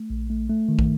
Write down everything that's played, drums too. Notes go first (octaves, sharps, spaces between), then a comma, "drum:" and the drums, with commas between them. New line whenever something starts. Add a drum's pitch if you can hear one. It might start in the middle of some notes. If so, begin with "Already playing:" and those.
Already playing: A3
A#1
A3
A3
D#3
drum: kick